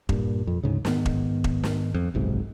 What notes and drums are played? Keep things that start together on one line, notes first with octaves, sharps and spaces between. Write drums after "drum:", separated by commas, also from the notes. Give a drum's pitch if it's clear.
G2 A#2, drum: kick E1
F2
D2 G#2 C#3
G#2 D#3 B3, drum: snare
drum: kick E1
drum: kick E1
drum: snare
F2
F#1 B1 G#2 C3